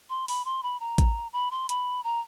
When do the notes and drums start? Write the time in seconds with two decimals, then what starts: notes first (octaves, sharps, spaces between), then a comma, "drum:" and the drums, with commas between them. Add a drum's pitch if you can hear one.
0.10 C6
0.28 B5, drum: open hi-hat
0.45 C6
0.63 B5
0.80 A#5
0.98 drum: kick A1, hi-hat
1.33 B5
1.51 C6
1.69 B5, drum: hi-hat
2.04 A#5